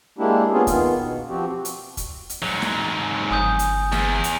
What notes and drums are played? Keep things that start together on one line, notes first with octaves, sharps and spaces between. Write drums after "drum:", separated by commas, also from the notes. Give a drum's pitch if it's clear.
G#3 A#3 D4 E4 G4
A#3 B3 C#4 F4 G#4
D#3 B3 F4, drum: kick, hi-hat
B2
F3 C4 F#4 G4
drum: hi-hat
drum: kick, hi-hat
drum: hi-hat
G#2 F#3
drum: snare
G1 G#5 D#6 G6
drum: hi-hat
E2, drum: snare
drum: hi-hat